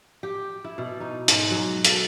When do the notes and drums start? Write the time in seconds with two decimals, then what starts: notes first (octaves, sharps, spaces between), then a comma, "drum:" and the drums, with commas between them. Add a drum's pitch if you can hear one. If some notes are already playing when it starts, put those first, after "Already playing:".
0.23 G4
0.64 E4
0.78 B2
1.00 D#4
1.28 G#2, drum: hi-hat
1.50 F#3
1.85 A4, drum: hi-hat